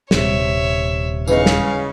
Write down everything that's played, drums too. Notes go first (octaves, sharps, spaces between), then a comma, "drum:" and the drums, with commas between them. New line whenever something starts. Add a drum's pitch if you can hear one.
D#1 C3 C#5 E5, drum: snare
C#3 E3 B3 D#4 F5 C#6, drum: tambourine
drum: snare